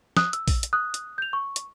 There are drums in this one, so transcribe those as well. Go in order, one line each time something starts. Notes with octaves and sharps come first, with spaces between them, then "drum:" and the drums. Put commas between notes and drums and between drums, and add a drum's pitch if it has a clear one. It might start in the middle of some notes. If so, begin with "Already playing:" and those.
D#6 F#6, drum: snare
E6, drum: hi-hat
drum: kick, open hi-hat
drum: hi-hat
D#6 F#6
drum: hi-hat
G6 F7
C#6
drum: hi-hat